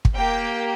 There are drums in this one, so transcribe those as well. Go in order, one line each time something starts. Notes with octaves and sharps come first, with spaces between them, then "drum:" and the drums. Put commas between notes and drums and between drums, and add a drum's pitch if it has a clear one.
drum: kick
A#3 G4 G5